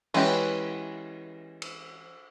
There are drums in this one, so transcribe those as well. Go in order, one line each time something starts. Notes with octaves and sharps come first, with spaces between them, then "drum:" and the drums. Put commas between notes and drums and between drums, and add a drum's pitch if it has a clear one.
E3 G#3 C#4 G4 B4, drum: cymbal
drum: cymbal